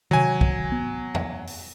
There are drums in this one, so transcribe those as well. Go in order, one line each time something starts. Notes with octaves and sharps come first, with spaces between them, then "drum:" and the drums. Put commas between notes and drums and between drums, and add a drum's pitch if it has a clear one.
C3 D#3 F#3 G#5
drum: kick B1
B3
drum: tom E2
drum: open hi-hat